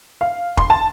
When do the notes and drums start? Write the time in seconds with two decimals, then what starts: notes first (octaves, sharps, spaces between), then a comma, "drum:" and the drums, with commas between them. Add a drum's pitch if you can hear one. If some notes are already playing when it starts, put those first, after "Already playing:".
0.21 F5
0.57 C6, drum: kick
0.70 A5